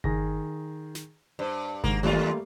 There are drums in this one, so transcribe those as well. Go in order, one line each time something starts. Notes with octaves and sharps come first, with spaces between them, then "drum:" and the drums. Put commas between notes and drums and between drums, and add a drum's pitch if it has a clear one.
D#3 G#4 A#6, drum: kick G1
drum: snare
G2 C5
G#2 D#3 A#3, drum: kick G1
D#2 G3 A3 A#3 F4